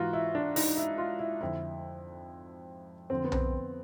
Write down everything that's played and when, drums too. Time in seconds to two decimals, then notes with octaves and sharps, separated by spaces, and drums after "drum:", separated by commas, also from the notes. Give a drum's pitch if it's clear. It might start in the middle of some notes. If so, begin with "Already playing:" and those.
Already playing: G#2 E3 F4 F#4
0.13 E4
0.35 D4
0.56 D#4, drum: open hi-hat
0.77 E4
0.98 F4
1.19 E4
1.40 F2 D3 E4
3.10 F2 D3 C4
3.24 B3
3.32 C4, drum: tom B1